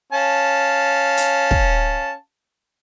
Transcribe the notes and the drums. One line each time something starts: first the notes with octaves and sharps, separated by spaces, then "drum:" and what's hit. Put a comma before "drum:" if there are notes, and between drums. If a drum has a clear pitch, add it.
C#4 F5 A5
drum: hi-hat
drum: kick